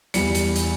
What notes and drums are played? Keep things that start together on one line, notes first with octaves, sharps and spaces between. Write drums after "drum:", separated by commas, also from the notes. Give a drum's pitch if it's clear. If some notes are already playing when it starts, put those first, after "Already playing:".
E2 E3 G3 C#7, drum: hi-hat
drum: hi-hat
drum: hi-hat